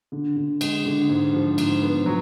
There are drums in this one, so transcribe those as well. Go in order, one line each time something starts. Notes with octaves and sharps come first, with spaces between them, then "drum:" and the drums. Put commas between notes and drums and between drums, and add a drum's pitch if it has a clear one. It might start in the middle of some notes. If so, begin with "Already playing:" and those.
D3
D3
G#3, drum: cymbal
D3
G#2
F3
G#2, drum: cymbal
B3
F#3